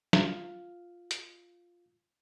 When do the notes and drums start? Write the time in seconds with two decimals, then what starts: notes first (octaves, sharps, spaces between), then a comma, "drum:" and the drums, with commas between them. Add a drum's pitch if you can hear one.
0.13 F4 F5, drum: snare
1.11 drum: hi-hat